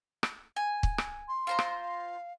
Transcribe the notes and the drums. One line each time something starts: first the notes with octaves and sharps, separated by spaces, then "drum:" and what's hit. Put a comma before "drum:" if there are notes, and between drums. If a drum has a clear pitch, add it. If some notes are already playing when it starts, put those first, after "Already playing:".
drum: rim click
G#5
drum: kick
drum: rim click
C6
F4 C5 A#5
drum: rim click
F5